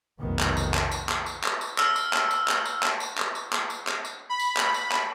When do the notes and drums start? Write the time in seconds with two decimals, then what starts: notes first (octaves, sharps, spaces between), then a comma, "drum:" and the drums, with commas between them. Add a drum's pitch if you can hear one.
0.20 F1 B1 D#3 B3
0.39 drum: clap
0.57 drum: tambourine
0.74 drum: clap
0.91 drum: tambourine
1.09 drum: clap
1.26 drum: tambourine
1.44 drum: clap
1.61 drum: tambourine
1.78 E6 F6, drum: clap
1.96 drum: tambourine
2.13 drum: clap
2.31 drum: tambourine
2.48 drum: clap
2.65 drum: tambourine
2.83 drum: clap
3.00 drum: tambourine
3.18 drum: clap
3.35 drum: tambourine
3.52 drum: clap
3.70 drum: tambourine
3.87 drum: clap
4.05 drum: tambourine
4.29 B5
4.39 drum: tambourine
4.57 drum: clap
4.74 drum: tambourine
4.92 drum: clap